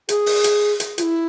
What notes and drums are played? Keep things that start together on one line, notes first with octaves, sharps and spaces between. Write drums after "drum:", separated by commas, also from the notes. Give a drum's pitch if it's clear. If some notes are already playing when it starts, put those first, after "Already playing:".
G#4, drum: hi-hat
drum: open hi-hat
drum: hi-hat
drum: hi-hat
F4, drum: hi-hat
E4